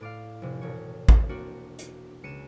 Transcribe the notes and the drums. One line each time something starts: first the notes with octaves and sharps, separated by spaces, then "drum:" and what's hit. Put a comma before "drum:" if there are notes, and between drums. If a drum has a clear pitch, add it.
A2 D5 F5
F1 C3
E1 C#5
drum: kick A1
A#3 C4 D4 F#4 F#5
drum: hi-hat
C#2 C#7 D#7 E7